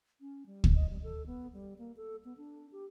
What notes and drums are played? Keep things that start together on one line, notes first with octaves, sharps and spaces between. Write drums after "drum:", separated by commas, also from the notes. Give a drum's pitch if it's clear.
C#4
G3
drum: kick
D#5
G3
A4
B3
G3
A#3
A4
B3
D4
G4